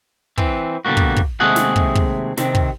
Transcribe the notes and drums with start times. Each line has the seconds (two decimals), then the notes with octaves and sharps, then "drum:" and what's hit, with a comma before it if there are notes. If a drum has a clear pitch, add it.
0.38 E3 C4, drum: kick
0.85 B2 D3 G3 A#3 F#4
0.97 drum: kick
1.16 drum: kick
1.40 D#2 C3 G#3 A3 G#4 F#5
1.56 drum: snare
1.76 drum: kick
1.95 drum: kick
2.37 C3 D#3 C4, drum: snare
2.55 drum: kick